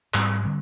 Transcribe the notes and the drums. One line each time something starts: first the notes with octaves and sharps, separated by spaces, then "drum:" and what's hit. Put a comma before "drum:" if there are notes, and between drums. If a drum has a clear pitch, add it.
G#2 G3 C4, drum: clap
D3 G3 C4